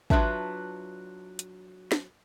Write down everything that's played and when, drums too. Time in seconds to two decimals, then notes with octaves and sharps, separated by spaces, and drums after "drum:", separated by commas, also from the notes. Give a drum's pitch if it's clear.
0.10 F#3 D4 F4 B4 E5 A5, drum: kick
1.39 drum: hi-hat
1.92 drum: snare